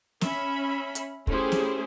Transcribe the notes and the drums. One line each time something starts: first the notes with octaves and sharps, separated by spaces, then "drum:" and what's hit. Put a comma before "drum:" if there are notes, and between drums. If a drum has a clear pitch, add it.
C#4 E5 B5, drum: snare
drum: hi-hat
A3 C#4 E4 G4 G#4 C5, drum: kick
drum: snare